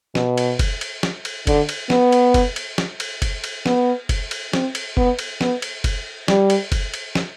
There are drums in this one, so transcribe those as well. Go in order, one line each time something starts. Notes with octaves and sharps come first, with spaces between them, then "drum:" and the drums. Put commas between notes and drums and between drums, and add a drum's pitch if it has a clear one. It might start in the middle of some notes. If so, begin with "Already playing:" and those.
B2, drum: snare
drum: cymbal
drum: kick, cymbal
drum: cymbal
drum: snare
drum: cymbal
D3, drum: kick, cymbal
drum: cymbal
B3, drum: snare
drum: cymbal
drum: kick, cymbal
drum: cymbal
drum: snare
drum: cymbal
drum: kick, cymbal
drum: cymbal
B3, drum: snare
drum: kick, cymbal
drum: cymbal
C4, drum: snare
drum: cymbal
B3, drum: kick
drum: cymbal
B3, drum: snare
drum: cymbal
drum: kick, cymbal
G3, drum: snare
drum: cymbal
drum: kick, cymbal
drum: cymbal
drum: snare